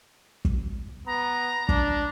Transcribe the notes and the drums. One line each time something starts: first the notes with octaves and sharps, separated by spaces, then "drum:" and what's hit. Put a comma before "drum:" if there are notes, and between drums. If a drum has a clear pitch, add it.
drum: kick
B3 A#5
D4, drum: kick